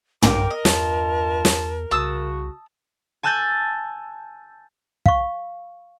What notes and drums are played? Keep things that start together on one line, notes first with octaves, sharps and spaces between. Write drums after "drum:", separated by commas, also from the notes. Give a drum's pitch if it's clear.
B1 A#4 G5 D6, drum: tom
D#5
E2 G2 F4 A5, drum: snare
drum: snare
C2 C#3 F#4 A5 D#6 E6
G#5 A5 E6 F#6 G6 A6
F5 C#6, drum: kick